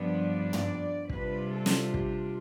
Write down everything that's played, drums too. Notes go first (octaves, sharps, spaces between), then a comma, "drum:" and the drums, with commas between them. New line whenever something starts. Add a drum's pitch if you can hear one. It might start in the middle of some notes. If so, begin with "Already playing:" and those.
Already playing: G2 F3 B3 D4
D5
drum: tom
C3 G3 D4 F4 B4, drum: kick
A4
drum: snare
G4, drum: kick